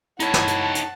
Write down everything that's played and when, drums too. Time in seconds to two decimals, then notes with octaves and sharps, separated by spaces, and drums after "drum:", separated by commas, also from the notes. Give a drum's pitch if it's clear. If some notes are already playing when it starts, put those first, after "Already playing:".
0.20 D#4 E4 C#5 F#5 A5, drum: hi-hat
0.34 drum: snare
0.47 drum: hi-hat
0.75 drum: hi-hat